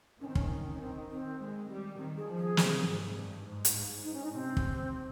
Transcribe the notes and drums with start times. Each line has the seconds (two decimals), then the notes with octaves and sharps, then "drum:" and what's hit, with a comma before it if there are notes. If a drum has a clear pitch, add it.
0.21 D#3 C#4
0.28 C4
0.35 C#4, drum: kick
0.74 C#4
0.80 C4
1.10 C4
1.39 G#3
1.69 G3
1.98 D#3 C4
2.17 G#4
2.27 F3
2.38 G#4
2.57 C3, drum: snare
2.86 G#2
3.16 G2
3.45 G#2
3.65 drum: hi-hat
3.75 G#2
4.04 D#4
4.14 C#4
4.24 D#4
4.34 C3 C4
4.57 drum: kick